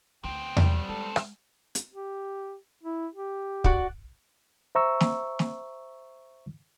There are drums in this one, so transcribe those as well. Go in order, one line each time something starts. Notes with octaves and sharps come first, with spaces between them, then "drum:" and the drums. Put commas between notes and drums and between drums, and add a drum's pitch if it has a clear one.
D2 D3 B3 C4 G5
F#2 G3, drum: tom E2
G#3 A4
drum: rim click
drum: hi-hat
G4
E4
G4
F#4 D5 F#5, drum: kick
C5 E5 A#5 C#6 E6
drum: snare
drum: snare